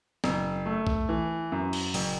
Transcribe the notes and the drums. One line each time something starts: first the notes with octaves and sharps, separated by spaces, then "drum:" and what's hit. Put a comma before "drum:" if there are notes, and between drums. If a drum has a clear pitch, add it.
F#1, drum: snare
A3
drum: kick B1
E3
F#2
drum: cymbal
F#1, drum: open hi-hat